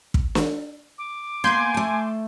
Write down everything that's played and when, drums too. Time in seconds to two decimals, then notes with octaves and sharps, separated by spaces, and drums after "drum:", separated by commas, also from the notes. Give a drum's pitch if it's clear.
0.14 drum: kick
0.35 drum: snare
0.98 D6
1.44 A#3 B3 G#5 C6 G6
1.74 A3 A5